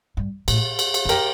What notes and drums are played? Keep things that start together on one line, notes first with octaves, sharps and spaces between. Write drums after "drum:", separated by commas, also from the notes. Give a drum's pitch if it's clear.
G2
A2, drum: cymbal
drum: cymbal
drum: cymbal
F2
G4 A#4, drum: cymbal